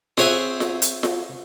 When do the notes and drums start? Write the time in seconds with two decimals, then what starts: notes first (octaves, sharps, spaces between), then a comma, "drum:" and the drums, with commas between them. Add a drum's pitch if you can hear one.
0.17 C4 G#4 C#5 E5 F#5 G#5, drum: snare F4
0.60 drum: snare F4
0.82 drum: hi-hat
1.03 drum: snare F4